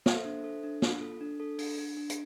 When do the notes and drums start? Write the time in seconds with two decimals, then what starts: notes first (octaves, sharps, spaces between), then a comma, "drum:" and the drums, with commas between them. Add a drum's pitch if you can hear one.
0.06 A4 C5 E5, drum: snare
0.25 D4
0.44 A4
0.63 D4
0.82 F4, drum: snare
1.01 A4
1.21 D4
1.40 A4
1.59 D4, drum: open hi-hat
1.78 D4
1.97 D4
2.10 drum: hi-hat